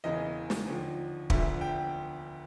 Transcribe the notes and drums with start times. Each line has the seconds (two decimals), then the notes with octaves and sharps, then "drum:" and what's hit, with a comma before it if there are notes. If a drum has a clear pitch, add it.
0.04 E1 E2 C#3 E3 D#5
0.50 drum: snare
0.67 D#2 D3 F3
1.30 E1 D2 D3 F3 E5, drum: kick
1.61 G5